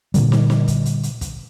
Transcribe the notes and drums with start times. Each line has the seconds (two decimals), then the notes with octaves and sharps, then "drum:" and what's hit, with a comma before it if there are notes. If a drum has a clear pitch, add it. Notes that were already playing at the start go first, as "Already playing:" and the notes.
0.14 A#2 D3 G3, drum: kick, hi-hat
0.32 drum: snare
0.50 drum: snare
0.68 drum: kick, hi-hat
0.85 drum: hi-hat
1.03 drum: hi-hat
1.21 drum: kick, hi-hat